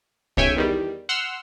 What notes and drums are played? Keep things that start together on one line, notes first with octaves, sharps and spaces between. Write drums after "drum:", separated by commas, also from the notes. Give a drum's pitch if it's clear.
B1 C#3 C#5 E5 G5 G#5, drum: kick C2
E2 D#3 G3
F#5 C6 E6 F6